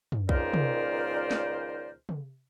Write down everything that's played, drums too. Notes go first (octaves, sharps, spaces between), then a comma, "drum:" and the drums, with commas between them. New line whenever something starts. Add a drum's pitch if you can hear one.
drum: tom
C#2 A#2 D#3 A#4 C5 D5, drum: kick B1
drum: tom
drum: snare
drum: tom